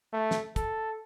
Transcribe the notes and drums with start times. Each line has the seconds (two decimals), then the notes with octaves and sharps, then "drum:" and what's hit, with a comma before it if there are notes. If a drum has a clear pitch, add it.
0.13 A3
0.31 drum: snare
0.56 A4, drum: kick, hi-hat